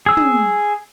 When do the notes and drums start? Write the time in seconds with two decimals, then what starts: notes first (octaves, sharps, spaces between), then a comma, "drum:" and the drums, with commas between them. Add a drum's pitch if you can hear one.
0.06 G#4 E6
0.17 drum: tom